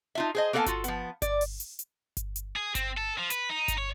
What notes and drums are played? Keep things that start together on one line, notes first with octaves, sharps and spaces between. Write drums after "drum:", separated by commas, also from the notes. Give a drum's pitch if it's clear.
D#4 F4 E5
G#4 C5 D#5
A#3 B3 A4 D5 F5 G#5
F4 F#4 A4, drum: kick G1, hi-hat
F3 B3, drum: hi-hat
D5, drum: kick G1, hi-hat
drum: open hi-hat
drum: hi-hat
drum: hi-hat
drum: kick G1, hi-hat
drum: hi-hat
G#4
C4, drum: kick G1, hi-hat
A4
F3
B4, drum: hi-hat
D#4
drum: kick G1, hi-hat
C#5